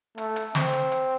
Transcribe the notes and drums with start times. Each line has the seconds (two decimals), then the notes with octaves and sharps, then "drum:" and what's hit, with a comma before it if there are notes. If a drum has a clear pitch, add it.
0.18 A3, drum: hi-hat
0.36 drum: hi-hat
0.55 C4, drum: snare
0.73 drum: hi-hat
0.92 drum: hi-hat